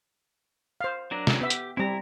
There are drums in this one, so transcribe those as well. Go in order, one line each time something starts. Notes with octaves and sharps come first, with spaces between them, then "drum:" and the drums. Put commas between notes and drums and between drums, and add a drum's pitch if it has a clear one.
C5 F5
F#3 D4 A#4
drum: snare
B3 G4 E5
drum: hi-hat
G3 C4 E4 A#5